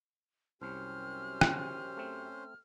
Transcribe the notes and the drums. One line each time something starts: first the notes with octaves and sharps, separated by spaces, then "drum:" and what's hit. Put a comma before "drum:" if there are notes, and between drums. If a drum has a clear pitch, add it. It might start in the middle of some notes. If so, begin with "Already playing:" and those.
C2 F#2 C#4 G4 C5 F6
drum: rim click
A3 C4